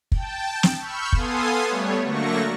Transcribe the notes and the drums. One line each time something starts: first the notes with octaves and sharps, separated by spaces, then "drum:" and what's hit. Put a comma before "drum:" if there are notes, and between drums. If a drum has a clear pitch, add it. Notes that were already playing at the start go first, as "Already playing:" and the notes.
G5 A5, drum: kick
drum: snare
B5 C#6 E6 F6 G6
B3 A4 F5 G#5 C6 D#6, drum: kick
G3 A3 B3 C#5
D3 F#3 A3 A#3 C#6 A#6